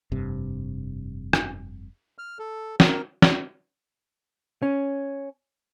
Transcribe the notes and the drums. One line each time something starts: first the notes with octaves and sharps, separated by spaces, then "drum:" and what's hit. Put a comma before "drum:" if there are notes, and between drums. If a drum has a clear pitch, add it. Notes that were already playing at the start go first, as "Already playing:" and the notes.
F1 G2 C3
drum: rim click
F6
A4
A#4, drum: snare
drum: snare
C#4